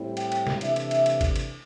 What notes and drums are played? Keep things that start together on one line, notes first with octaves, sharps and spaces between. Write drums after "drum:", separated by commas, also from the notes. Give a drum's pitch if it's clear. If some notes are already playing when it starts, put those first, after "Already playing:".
Already playing: A2 G3 C4 E4
G5, drum: cymbal
drum: cymbal
drum: snare
C3 E3 A3 D4 E5, drum: cymbal
drum: cymbal
drum: cymbal
drum: cymbal
drum: kick, cymbal
drum: cymbal